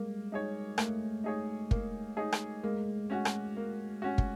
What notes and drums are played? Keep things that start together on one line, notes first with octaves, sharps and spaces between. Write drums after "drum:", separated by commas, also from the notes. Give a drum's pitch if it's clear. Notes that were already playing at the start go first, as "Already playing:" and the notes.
Already playing: G3 G#3 A#3
D#4 G#4 C#5
A3 A#3, drum: rim click
D#4 G#4 C#5
A#3, drum: kick
D#4 G#4 C#5
drum: rim click
G#3 A#3
C#4 F#4
drum: rim click
A#3
C#4 F#4
drum: kick